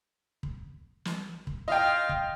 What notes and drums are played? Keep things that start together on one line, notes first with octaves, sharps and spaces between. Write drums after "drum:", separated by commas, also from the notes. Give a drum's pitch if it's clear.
drum: kick
drum: snare
drum: kick
F4 D#5 F5 G5
drum: kick